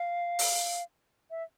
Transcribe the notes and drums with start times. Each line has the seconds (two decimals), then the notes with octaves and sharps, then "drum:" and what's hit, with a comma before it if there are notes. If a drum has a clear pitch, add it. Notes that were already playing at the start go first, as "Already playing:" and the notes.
Already playing: F5
0.39 drum: open hi-hat
1.31 E5